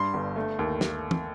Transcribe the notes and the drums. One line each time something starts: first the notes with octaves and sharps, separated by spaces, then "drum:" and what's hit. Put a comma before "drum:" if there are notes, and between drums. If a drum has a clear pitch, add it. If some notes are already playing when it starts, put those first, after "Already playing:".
Already playing: G2 C6
G1
A3
D#2
drum: snare
drum: tom